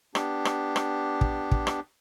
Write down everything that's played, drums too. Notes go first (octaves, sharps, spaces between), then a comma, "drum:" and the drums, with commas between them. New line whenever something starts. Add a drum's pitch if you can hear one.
B3 D4 G4, drum: rim click
drum: rim click
drum: rim click
drum: kick
drum: kick
drum: rim click